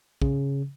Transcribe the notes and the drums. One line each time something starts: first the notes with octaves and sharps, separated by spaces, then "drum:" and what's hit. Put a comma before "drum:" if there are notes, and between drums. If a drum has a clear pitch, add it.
C#3, drum: kick